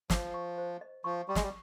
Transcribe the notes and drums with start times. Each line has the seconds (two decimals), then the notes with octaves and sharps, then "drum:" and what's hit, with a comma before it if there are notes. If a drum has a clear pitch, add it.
0.10 F3 C5, drum: snare
0.34 C#6
0.58 C5
0.81 D#5
1.04 F3 C#6
1.28 G3 C#6
1.35 G#3, drum: snare
1.43 G3